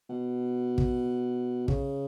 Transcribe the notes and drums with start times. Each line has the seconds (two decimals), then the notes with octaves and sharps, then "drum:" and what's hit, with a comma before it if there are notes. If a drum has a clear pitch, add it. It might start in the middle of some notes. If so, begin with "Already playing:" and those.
0.09 B2
0.78 drum: kick
1.68 C#3, drum: kick